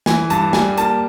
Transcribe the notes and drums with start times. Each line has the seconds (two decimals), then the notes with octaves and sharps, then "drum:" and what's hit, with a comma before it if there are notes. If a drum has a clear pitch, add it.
0.06 E3 G#5, drum: snare
0.30 G2 A5, drum: hi-hat
0.53 G3 G#5, drum: snare
0.78 A#3 A5, drum: hi-hat